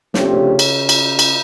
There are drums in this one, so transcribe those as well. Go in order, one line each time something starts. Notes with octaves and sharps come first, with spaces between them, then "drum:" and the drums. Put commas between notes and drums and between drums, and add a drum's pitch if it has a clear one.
C3 F3 A3 C#4 D4 G4, drum: snare
C4
C#3 C#4
drum: cymbal
drum: cymbal
drum: cymbal